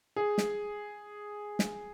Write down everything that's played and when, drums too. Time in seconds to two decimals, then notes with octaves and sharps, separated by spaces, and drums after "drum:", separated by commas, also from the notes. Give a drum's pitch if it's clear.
0.16 G#4
0.38 drum: snare
1.59 drum: snare